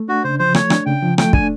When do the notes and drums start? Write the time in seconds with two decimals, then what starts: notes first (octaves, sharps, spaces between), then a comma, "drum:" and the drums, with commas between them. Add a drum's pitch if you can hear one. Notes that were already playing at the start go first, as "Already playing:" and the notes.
Already playing: A3
0.08 D4 F#4
0.24 C#3 C5
0.39 F3 C5
0.55 A3 C#5, drum: rim click
0.70 D4, drum: rim click
0.86 C#3 G5
1.03 F3
1.18 A3 G5, drum: rim click
1.33 D4 G#5, drum: kick